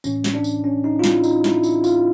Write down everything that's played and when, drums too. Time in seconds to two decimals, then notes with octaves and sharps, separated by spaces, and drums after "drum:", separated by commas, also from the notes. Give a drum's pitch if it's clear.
0.04 A2 E3 C#4, drum: tambourine
0.24 drum: snare
0.34 D4
0.44 drum: tambourine
0.64 C#4
0.84 D#4
0.99 F4
1.04 E4, drum: snare
1.24 D#4, drum: tambourine
1.44 E4, drum: snare
1.63 E4, drum: tambourine
1.84 F4, drum: tambourine